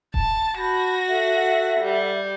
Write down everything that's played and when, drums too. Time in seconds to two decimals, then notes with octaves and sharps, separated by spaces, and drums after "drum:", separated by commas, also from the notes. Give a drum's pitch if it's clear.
0.14 A5, drum: kick D#1
0.58 F#4 A5 B5 G6 A#6
1.08 A4 E5 F#5
1.80 G3